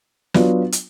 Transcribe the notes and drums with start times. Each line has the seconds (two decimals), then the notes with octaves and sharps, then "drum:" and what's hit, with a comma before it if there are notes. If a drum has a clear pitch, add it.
0.34 F#3 B3 D4 F4, drum: snare
0.72 drum: hi-hat